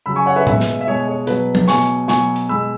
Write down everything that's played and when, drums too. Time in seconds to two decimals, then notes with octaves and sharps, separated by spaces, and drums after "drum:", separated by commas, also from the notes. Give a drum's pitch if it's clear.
0.06 C#3 F#3 B5 E6
0.16 G#5 C#6
0.26 C#5 F#5
0.36 B4 E5
0.47 B2 G#3 B4 E5, drum: tom A2
0.60 drum: snare
0.81 E5
0.87 B2 G#3 G#4 C#5
1.08 G#4 C#5
1.27 B2 F#3 B4, drum: hi-hat
1.55 drum: tom
1.68 B2 F#3 G#5 C#6, drum: snare
1.82 drum: hi-hat
2.08 B2 F#3 G#5 C#6, drum: snare
2.36 drum: hi-hat
2.49 B2 G#3 B5 E6